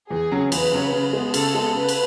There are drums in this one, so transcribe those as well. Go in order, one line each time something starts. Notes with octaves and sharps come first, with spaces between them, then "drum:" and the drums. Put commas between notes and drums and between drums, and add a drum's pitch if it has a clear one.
E2 G#4
C#3 F#3 C#4
E2 B4, drum: cymbal
C#3 F#3 C#4
C#3
G#3 B3
C#3 A4, drum: cymbal
G#3 B3
C#3 B4
drum: cymbal